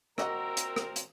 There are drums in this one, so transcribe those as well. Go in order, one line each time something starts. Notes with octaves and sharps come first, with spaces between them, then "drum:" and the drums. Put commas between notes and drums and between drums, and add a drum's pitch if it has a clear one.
A#2 C4 F#4 A#4 D#5 F#5 A#5 E6, drum: rim click
drum: hi-hat
drum: rim click
drum: hi-hat